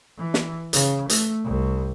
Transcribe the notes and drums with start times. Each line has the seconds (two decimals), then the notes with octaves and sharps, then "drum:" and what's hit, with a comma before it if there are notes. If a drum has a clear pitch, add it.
0.18 E3
0.34 drum: snare
0.73 C#3, drum: hi-hat
1.09 A3, drum: hi-hat
1.45 C2